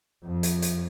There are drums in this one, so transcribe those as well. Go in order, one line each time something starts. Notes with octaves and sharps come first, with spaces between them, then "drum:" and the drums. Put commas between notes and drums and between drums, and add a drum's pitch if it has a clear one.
F2
drum: hi-hat
drum: hi-hat